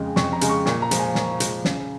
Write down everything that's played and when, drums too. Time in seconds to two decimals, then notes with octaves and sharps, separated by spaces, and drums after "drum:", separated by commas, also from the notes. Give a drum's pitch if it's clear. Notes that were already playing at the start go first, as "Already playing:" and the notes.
Already playing: F2 C#3 G#3
0.16 F2 C#6, drum: snare
0.33 A#5
0.41 C#3 G#3, drum: hi-hat
0.49 C#6
0.66 A#2 C#6, drum: snare
0.82 A#5
0.91 F3 G#3, drum: hi-hat
0.99 G#5
1.15 A#2, drum: snare
1.40 F3 G#3, drum: hi-hat
1.65 C#3, drum: snare